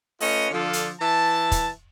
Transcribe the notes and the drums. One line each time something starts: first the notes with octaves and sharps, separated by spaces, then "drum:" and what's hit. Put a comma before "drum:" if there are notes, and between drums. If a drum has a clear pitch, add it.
A3 C#4 F4 B4 D#5, drum: open hi-hat
D3 F3 D4 F4 A4
drum: hi-hat
E3 E5 A5
drum: kick, hi-hat